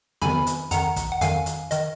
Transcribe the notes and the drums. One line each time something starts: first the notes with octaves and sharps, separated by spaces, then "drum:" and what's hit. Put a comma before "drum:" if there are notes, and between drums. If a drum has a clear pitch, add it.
F2 D#3 G#5 B5, drum: snare B3
drum: hi-hat
F2 D#3 F#5 A#5, drum: hi-hat
drum: kick, hi-hat
F#5
F2 D#3 F5 G#5, drum: hi-hat
drum: hi-hat
D#3 D#5, drum: hi-hat